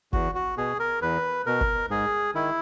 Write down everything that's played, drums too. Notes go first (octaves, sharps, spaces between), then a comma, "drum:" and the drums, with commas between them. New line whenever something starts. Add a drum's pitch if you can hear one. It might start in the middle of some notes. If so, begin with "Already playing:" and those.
E2 F#4, drum: kick G1
F#4
B2 G#4
A#4
E2 B4
B2 A#4
drum: kick G1
G#2 G#4
D#3 E4